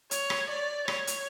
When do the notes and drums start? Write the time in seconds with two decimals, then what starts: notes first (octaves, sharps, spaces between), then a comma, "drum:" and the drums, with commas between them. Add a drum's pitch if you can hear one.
0.11 C#5, drum: hi-hat
0.30 drum: rim click
0.50 D5
0.88 C#5, drum: rim click
1.07 drum: hi-hat